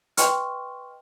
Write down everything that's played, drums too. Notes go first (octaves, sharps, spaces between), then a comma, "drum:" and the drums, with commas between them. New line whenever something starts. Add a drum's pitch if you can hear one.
B4 D#5 G5 C6 C#6 F6, drum: hi-hat